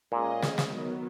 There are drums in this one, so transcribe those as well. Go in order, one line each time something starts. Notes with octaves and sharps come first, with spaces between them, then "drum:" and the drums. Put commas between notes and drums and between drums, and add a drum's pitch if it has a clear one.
A#2 G#3 C#4 G#4 D#5
drum: snare
drum: snare
D#3 F#3 B3